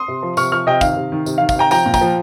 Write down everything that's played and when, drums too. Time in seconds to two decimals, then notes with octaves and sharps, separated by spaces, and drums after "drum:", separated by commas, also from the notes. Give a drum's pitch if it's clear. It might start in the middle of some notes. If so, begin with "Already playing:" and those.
Already playing: C6 D#6
0.08 C3
0.23 F3
0.37 C3 C#6 F6, drum: tambourine
0.52 F3 C#6 F6
0.67 C3 D#5 G5
0.81 D#3 F5, drum: kick, tambourine
0.96 C3
1.12 D#3
1.26 C3, drum: tambourine
1.38 F5
1.41 D#3
1.49 F5, drum: kick, tambourine
1.56 C3 G5 A#5
1.71 F3 G5 A#5, drum: tambourine
1.86 A#2
1.94 G5 A#5, drum: kick, tambourine
2.01 F3